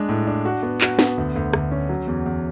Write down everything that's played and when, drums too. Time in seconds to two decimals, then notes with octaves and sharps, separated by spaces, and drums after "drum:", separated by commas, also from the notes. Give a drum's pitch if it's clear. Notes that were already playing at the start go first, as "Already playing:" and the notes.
Already playing: G#3 D4
0.09 A2
0.27 D4
0.45 F#4
0.63 B3
0.81 F#4, drum: clap
0.99 B3, drum: snare
1.18 D2
1.36 D2
1.53 D2, drum: rim click
1.71 C#4
1.89 F#3
2.07 E2
2.26 E2